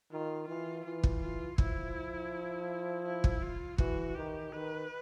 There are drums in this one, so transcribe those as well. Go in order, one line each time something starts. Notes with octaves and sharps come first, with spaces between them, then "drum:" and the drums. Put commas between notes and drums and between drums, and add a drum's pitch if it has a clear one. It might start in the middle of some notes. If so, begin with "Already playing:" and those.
D#3 F4
E3 F4
E3 F4
drum: kick
F4
F3 E4, drum: kick
E4
drum: kick
F4
E3 F#4, drum: kick
D#3 G4
D#3 B4